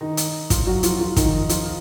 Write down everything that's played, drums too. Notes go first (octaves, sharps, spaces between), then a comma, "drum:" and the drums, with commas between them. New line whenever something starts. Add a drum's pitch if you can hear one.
D#3 D#4
drum: hi-hat
F3 F4, drum: kick, hi-hat
F#3 F#4
F3 F4, drum: hi-hat
F3 F4
D#3 D#4, drum: kick, hi-hat
F3 F4, drum: hi-hat